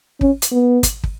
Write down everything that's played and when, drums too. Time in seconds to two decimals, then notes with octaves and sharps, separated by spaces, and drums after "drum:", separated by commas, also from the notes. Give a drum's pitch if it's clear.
0.21 C#4, drum: kick
0.42 drum: hi-hat
0.52 B3
0.83 drum: kick, hi-hat
1.04 drum: kick